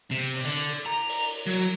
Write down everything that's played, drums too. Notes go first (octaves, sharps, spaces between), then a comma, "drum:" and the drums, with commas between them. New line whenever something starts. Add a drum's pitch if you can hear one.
C3
drum: cymbal
D3
drum: cymbal
A#5
drum: cymbal
F#3, drum: cymbal